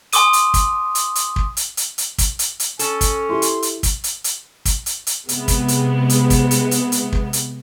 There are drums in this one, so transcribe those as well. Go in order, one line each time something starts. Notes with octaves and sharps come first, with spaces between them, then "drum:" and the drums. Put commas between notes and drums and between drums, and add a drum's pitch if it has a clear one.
G#5 C6 D6 D#6 D#7, drum: hi-hat
drum: hi-hat
drum: kick, hi-hat
drum: hi-hat
drum: hi-hat
drum: kick
drum: hi-hat
drum: hi-hat
drum: hi-hat
drum: kick, hi-hat
drum: hi-hat
drum: hi-hat
C#4 A4, drum: hi-hat
drum: kick, hi-hat
E4 G4 C6
drum: hi-hat
drum: hi-hat
drum: kick, hi-hat
drum: hi-hat
drum: hi-hat
drum: kick, hi-hat
drum: hi-hat
drum: hi-hat
C3 G#3 B3, drum: hi-hat
drum: kick, hi-hat
drum: hi-hat
drum: hi-hat
drum: kick, hi-hat
drum: hi-hat
drum: hi-hat
drum: hi-hat
drum: kick
drum: hi-hat